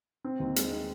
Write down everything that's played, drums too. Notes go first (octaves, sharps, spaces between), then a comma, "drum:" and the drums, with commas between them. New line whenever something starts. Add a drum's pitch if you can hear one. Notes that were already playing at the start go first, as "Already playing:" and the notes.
C4
D#2
G#3, drum: hi-hat
C4